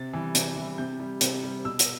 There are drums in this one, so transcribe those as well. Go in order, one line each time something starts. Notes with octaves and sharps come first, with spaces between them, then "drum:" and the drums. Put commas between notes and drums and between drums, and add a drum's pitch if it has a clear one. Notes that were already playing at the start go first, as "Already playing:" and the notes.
Already playing: C3 A6
E3 G3
C3, drum: hi-hat
E3 G3
C3 G6
G3
C3, drum: hi-hat
G3
B2 E6
drum: hi-hat